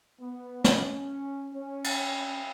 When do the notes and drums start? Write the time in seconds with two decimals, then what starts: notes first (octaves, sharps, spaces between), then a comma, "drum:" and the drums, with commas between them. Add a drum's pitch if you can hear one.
0.20 B3
0.64 C#4, drum: snare
1.54 C#4
1.84 drum: cymbal